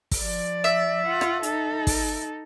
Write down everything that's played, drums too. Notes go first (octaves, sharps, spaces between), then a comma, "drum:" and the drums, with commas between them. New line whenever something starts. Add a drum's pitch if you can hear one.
drum: kick, open hi-hat
F3 D5
E5
F4 F#5
drum: rim click
D#4 A4, drum: hi-hat
drum: kick, open hi-hat